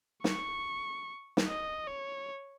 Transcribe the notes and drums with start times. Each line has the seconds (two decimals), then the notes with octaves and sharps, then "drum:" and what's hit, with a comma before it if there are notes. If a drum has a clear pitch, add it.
0.24 C#6, drum: snare
1.37 drum: snare
1.47 D#5
1.88 C#5